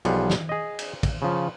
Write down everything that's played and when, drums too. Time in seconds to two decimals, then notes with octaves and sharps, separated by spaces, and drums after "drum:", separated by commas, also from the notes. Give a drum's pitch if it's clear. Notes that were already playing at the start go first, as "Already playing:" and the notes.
0.05 B1 F3 G3 G#4 F#5, drum: cymbal
0.30 drum: snare
0.49 G#4 D#5
0.79 drum: cymbal
1.03 drum: kick, cymbal
1.22 C#3 F3